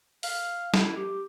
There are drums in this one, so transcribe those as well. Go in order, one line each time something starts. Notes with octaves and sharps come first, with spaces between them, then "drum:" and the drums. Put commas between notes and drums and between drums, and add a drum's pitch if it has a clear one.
F5, drum: open hi-hat
E4, drum: snare
G4